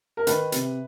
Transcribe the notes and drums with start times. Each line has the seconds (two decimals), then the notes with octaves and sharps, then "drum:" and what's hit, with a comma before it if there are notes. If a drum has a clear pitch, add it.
0.17 A#4
0.27 D#3 B4, drum: hi-hat
0.52 C3, drum: hi-hat